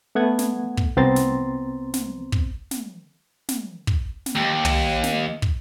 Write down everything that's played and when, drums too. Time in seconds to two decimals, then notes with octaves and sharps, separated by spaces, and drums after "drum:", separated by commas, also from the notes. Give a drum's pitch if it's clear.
0.15 A3 B3 F#5 G#6
0.39 drum: snare
0.77 drum: kick
0.97 C2 B3 C4 A#5 C6 A6
1.16 drum: snare
1.94 drum: snare
2.32 drum: kick
2.71 drum: snare
3.49 drum: snare
3.87 drum: kick
4.26 drum: snare
4.36 D#2
4.65 drum: tom
5.03 drum: snare
5.42 drum: kick